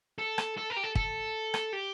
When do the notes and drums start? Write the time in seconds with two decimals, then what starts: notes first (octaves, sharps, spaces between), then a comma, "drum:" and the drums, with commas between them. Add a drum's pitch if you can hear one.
0.18 A4
0.38 drum: rim click
0.57 A4
0.70 A#4
0.77 G4
0.83 A4
0.95 A4, drum: kick
1.54 drum: rim click
1.73 G4